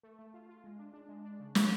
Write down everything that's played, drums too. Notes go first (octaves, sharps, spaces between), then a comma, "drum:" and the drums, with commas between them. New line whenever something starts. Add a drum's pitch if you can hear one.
A3
A3
F4
F4
G#3
D4
D4
G#3
D4
C#3
F3, drum: snare